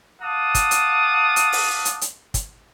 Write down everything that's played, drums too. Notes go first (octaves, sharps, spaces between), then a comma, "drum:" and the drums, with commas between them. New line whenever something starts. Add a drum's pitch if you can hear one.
F5 F#5 A5 D6 D#6
drum: kick, hi-hat
drum: hi-hat
drum: hi-hat
drum: open hi-hat
drum: hi-hat
drum: hi-hat
drum: kick, hi-hat